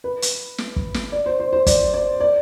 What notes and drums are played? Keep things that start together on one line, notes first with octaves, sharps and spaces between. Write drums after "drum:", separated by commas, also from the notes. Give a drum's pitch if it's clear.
B4
drum: hi-hat
drum: snare
drum: kick
drum: snare
D5
C5
C5
C5
D5, drum: kick, hi-hat
D5
D5